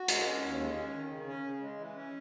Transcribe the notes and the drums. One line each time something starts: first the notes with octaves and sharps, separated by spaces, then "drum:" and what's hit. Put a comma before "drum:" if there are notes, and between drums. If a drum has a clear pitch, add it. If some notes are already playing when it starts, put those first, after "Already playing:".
Already playing: F#4
G#3, drum: hi-hat
C#4
D#2
G#3
C#4
D#3
C#3
C#4
C#3
G#3
E3
C#4